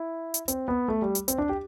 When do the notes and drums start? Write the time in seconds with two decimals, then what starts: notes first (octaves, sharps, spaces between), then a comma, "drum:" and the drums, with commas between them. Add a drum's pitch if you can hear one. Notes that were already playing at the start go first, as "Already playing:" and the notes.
Already playing: E4
0.34 drum: hi-hat
0.48 C4, drum: hi-hat
0.68 B3
0.88 A3
1.02 G3
1.15 drum: hi-hat
1.28 C4, drum: hi-hat
1.38 D4
1.49 G4